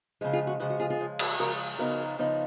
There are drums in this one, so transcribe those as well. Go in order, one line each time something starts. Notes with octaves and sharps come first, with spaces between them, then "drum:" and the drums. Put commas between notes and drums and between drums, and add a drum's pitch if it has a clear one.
C#3 F3 G#3
F4 G#4
F#4
C#3 F3 G#3 F#4
F#4
F4 G#4
F4 G#4
C#3 F3 G#3
drum: cymbal
C#3 F3 G#3 F#4 A#4
C#3 F3 B3 D#4 F#4 A#4
C#3 F3 B3 D#4